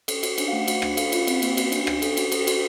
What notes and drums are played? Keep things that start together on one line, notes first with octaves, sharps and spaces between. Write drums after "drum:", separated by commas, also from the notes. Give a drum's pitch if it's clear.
A4, drum: cymbal
F#4, drum: cymbal
D4, drum: cymbal
F5
A3 F#5
F#4, drum: cymbal
D4, drum: rim click
A4 F5, drum: cymbal
F4, drum: cymbal
C4, drum: cymbal
A#3, drum: cymbal
F#4, drum: cymbal
D4, drum: cymbal
D4, drum: rim click
A4, drum: cymbal
F#4, drum: cymbal
A4, drum: cymbal
F#4, drum: cymbal